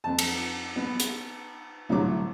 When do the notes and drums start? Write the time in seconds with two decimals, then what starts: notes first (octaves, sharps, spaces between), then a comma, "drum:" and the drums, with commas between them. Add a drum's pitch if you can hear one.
0.04 F2 A5
0.19 drum: cymbal
0.76 B3
1.00 drum: hi-hat
1.89 C2 A2 D3 F#3 D6